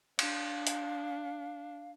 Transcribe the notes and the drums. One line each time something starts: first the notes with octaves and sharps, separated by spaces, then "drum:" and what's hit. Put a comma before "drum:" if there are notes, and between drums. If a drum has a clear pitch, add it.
D4 F5, drum: cymbal
drum: hi-hat